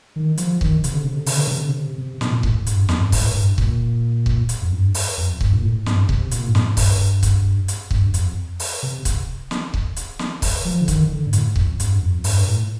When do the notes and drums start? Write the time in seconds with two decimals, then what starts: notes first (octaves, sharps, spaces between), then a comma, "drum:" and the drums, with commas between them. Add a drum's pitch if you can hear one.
0.16 D#3
0.38 F3, drum: hi-hat
0.61 D#3, drum: kick C#1
0.84 C3, drum: hi-hat
0.95 D3
1.05 C3
1.16 D3
1.26 C3, drum: open hi-hat
1.37 D3
1.47 C3
1.59 D3
1.69 C3
1.98 C3
2.21 A#2, drum: snare
2.33 A#2
2.43 A2, drum: kick C#1
2.67 G2, drum: hi-hat
2.89 F2, drum: snare
3.00 G2
3.12 A2, drum: kick C#1, open hi-hat
3.23 A2
3.34 G2
3.58 A#2, drum: kick C#1
4.26 drum: kick C#1
4.49 drum: hi-hat
4.62 F2
4.72 G2
4.94 drum: open hi-hat
5.18 F2
5.41 G2, drum: kick C#1
5.53 A#2
5.62 A2
5.86 G2, drum: snare
6.09 C3, drum: kick C#1
6.31 A#2, drum: hi-hat
6.47 G2
6.55 A2, drum: snare
6.77 G2, drum: kick C#1, open hi-hat
7.23 drum: kick C#1, hi-hat
7.68 drum: hi-hat
7.91 G2, drum: kick C#1
8.14 F2, drum: hi-hat
8.60 drum: open hi-hat
8.83 C3
9.05 drum: kick C#1, hi-hat
9.51 drum: snare
9.74 drum: kick C#1
9.96 drum: hi-hat
10.19 drum: snare
10.42 drum: kick C#1, open hi-hat
10.65 F3
10.81 D3
10.88 D#3, drum: kick C#1, hi-hat
11.11 D3
11.27 G2
11.33 A2, drum: hi-hat
11.56 F2, drum: kick C#1
11.80 G2, drum: hi-hat
12.02 F2
12.24 G2, drum: open hi-hat
12.47 A2